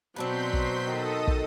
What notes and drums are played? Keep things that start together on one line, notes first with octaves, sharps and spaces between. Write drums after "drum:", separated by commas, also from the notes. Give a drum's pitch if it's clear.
B2 F#3 C4 D4 B4 C6 G6 B6
drum: kick
D#3 A4 D#5 D#6
drum: kick